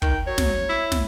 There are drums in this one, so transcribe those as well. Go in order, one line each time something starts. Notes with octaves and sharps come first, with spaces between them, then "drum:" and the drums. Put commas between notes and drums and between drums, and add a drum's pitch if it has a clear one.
D#3 G5, drum: kick
F#3 C#5
drum: snare
E4
drum: snare